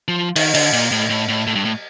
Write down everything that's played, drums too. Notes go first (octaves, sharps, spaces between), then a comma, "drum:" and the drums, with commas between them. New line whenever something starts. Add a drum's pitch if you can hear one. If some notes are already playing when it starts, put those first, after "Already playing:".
F3
D#3, drum: cymbal
D3, drum: cymbal
A#2
A2
A2
A2
A2
G2
A2